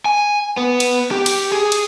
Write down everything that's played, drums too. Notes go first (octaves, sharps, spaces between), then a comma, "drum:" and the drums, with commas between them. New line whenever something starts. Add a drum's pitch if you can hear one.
G#5
B3
drum: cymbal
G4
drum: cymbal
G#4
drum: cymbal